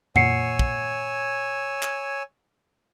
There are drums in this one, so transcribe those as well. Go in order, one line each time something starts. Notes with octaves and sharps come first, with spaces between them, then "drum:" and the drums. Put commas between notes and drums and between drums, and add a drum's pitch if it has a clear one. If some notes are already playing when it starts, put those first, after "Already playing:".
A#2 C#5 F#5 G#5 E6 C7 C#7, drum: tom F2
drum: kick
drum: clap